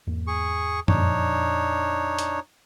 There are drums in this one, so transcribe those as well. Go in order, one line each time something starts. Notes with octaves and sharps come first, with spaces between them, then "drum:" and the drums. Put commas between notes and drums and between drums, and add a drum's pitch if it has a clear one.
E2 G#2 A#3
G#4 C#6
F2 A#2 F3 D4 D#4 C#5, drum: tom F#2
drum: hi-hat